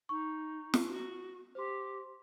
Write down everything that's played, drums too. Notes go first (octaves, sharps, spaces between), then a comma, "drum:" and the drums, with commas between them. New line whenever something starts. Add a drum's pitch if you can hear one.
D#4 C#6
drum: snare
F#4
G4 C5 C6